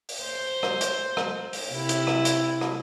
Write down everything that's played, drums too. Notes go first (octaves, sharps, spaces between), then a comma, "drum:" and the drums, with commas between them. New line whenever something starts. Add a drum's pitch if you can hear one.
drum: open hi-hat
C5
drum: rim click
drum: hi-hat
drum: rim click
drum: open hi-hat
C3 E4
drum: hi-hat
drum: rim click
drum: hi-hat
drum: rim click